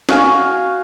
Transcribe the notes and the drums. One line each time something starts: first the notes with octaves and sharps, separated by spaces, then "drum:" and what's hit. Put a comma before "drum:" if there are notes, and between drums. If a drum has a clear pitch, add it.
F#4 C#5 F5 G#5, drum: snare